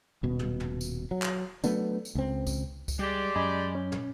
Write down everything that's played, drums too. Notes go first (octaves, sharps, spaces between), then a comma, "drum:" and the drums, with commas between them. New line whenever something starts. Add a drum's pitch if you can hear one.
D#1 B2
drum: tom
drum: tom
drum: tambourine
F#3
drum: clap
F#3 A3 B3 D4, drum: tambourine
drum: tambourine
C#2 C4
drum: kick C#2, tambourine
drum: kick C#2, tambourine
G3 G#3 G4 D5
F#2 D#5 G#5 B5
C#4
drum: tom